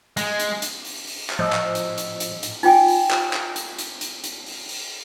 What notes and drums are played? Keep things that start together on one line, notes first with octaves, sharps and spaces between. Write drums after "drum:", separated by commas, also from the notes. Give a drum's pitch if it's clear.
G#3, drum: hi-hat
drum: hi-hat
drum: hi-hat
drum: open hi-hat
drum: open hi-hat
drum: clap
A2 F3 D#5 E6
drum: clap
drum: hi-hat
drum: hi-hat
drum: hi-hat
drum: hi-hat
D#4 F4 G5 G#5, drum: open hi-hat
drum: open hi-hat
drum: clap
drum: clap
drum: hi-hat
drum: hi-hat
drum: hi-hat
drum: hi-hat
drum: open hi-hat
drum: open hi-hat